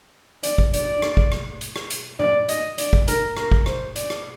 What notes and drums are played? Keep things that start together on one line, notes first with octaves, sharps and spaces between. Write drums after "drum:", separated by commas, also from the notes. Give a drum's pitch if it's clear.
D5, drum: hi-hat
drum: kick
D5, drum: hi-hat
drum: rim click
drum: kick
drum: rim click
drum: hi-hat
drum: rim click
drum: hi-hat
D5, drum: tom A2
D#5, drum: hi-hat
D5, drum: hi-hat
drum: kick
A#4, drum: hi-hat
A#4, drum: rim click
drum: kick
C5, drum: rim click
D5, drum: hi-hat
drum: rim click